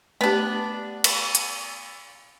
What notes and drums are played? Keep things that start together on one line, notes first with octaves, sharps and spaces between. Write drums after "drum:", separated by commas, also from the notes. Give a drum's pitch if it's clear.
A3 B3 D4 G4
drum: cymbal
drum: hi-hat